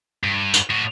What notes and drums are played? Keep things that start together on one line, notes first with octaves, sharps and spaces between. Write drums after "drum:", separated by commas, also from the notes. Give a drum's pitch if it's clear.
G2
drum: tambourine
A2 F#4